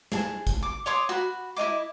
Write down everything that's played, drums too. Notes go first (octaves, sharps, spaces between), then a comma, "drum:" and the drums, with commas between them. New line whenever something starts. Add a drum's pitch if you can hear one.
G#4 A5, drum: snare
drum: kick, hi-hat
D6
C#5 C6 D6 D#6
F#4 B5
E4 A#4 D#5 D6